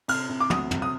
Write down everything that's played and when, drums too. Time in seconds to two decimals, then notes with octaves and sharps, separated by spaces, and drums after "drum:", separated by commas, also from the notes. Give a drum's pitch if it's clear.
0.08 C3 F6, drum: cymbal
0.30 C3
0.40 D6
0.50 D2 D#6, drum: tom
0.71 C3, drum: tom
0.82 D#6